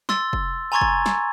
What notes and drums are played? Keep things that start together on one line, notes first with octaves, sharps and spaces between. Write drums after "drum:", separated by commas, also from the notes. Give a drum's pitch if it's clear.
C6 E6 A6, drum: snare
drum: kick
G#5 A#5 C6 C#6 G#6 A6
drum: kick
drum: snare